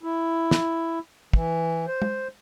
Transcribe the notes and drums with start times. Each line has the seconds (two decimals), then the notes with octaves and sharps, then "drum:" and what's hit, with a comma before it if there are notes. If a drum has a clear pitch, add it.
0.03 E4
0.51 drum: snare
1.33 E3, drum: kick
1.87 C5
2.02 drum: tom